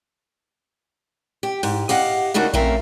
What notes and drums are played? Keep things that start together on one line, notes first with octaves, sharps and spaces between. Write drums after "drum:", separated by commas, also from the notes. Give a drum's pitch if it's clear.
G4
G#2, drum: open hi-hat
G4 D#5 F5 F#5, drum: cymbal
C#3 A3 D4 D#4 F#4 A#4
A3 C4 C#4 A#4 E5 F5, drum: kick A#1